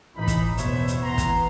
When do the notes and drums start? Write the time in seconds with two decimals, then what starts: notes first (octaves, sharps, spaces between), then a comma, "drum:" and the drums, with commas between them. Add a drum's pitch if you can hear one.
0.17 A1 E3 D#4 B5
0.27 drum: kick, hi-hat
0.57 E2 B2 C5 C#5 E5, drum: hi-hat
0.88 drum: hi-hat
1.03 E3 B3 A#5 C6
1.18 drum: kick, hi-hat